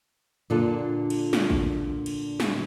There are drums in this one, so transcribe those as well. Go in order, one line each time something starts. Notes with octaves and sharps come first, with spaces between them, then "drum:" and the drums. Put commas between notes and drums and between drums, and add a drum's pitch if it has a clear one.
A#2 D3 D4 F4 A4
drum: cymbal
drum: snare
drum: kick A1
drum: cymbal
drum: snare